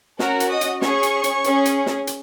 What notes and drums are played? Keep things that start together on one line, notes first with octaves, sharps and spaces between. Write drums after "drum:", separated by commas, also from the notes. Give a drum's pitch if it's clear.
C#4 F#4 A#4 A#5, drum: snare
drum: hi-hat
D#5 D#6
drum: hi-hat
C#4 G#4 C#5 C#6, drum: snare
drum: hi-hat
drum: hi-hat
C#4 G#4, drum: hi-hat
drum: hi-hat
drum: snare
drum: hi-hat